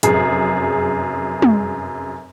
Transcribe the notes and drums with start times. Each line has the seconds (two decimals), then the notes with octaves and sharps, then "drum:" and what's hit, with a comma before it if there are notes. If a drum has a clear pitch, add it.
0.03 F1 F#2 G#4, drum: hi-hat
1.42 drum: tom